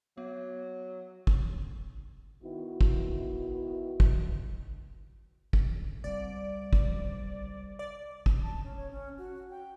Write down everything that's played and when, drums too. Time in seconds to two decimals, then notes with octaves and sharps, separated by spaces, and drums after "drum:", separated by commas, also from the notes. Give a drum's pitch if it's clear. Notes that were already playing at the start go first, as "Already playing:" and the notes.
0.18 F#3 B3
1.27 drum: kick
2.43 D#3 B3 D#4 E4 F#4
2.81 drum: kick
4.00 drum: kick
5.53 drum: kick
6.04 C2 D5
6.73 drum: kick
7.79 D5
8.26 drum: kick
8.43 A5
8.64 C#4
8.76 C#5
8.91 C#4
9.18 F#4
9.51 G5